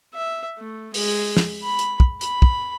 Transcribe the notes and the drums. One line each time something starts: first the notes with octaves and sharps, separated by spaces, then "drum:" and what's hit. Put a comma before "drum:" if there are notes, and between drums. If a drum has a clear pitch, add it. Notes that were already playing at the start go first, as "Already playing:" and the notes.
E5
A3
G#3, drum: open hi-hat
drum: snare
B5
drum: hi-hat
drum: kick
B5, drum: hi-hat
drum: kick